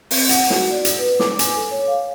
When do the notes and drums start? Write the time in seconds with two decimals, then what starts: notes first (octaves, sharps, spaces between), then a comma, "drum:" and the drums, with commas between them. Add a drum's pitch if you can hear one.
0.11 C4, drum: open hi-hat
0.29 F#5, drum: hi-hat
0.50 F#4, drum: snare
0.70 D5
0.85 drum: hi-hat
0.98 B4
1.20 D6, drum: snare
1.39 G#5, drum: hi-hat
1.55 A4
1.71 C#5
1.88 F5